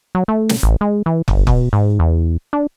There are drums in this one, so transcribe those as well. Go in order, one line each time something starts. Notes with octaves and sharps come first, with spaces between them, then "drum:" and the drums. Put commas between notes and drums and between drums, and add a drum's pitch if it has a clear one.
F#3
A3
drum: snare
A1
G#3
E3
G1, drum: kick
B2, drum: kick
G#2
E2
D4